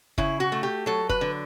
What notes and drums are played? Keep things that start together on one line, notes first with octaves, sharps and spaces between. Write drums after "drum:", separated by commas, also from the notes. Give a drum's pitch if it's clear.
C#3 E4, drum: kick
F#4
A3
G4
F#3 A4
B4, drum: kick
D3